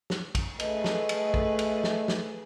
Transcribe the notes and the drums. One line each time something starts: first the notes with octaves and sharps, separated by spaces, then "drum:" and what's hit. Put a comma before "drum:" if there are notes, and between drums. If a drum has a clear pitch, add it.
drum: snare
drum: kick, cymbal
A3 G#4 B4 D#5, drum: cymbal
drum: snare
drum: cymbal
drum: kick
drum: cymbal
drum: snare
drum: snare